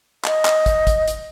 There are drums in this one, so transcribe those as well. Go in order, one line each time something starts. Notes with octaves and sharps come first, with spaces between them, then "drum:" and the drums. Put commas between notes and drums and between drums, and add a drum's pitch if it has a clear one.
D#5, drum: clap
drum: clap
drum: kick, hi-hat
drum: kick, hi-hat
drum: hi-hat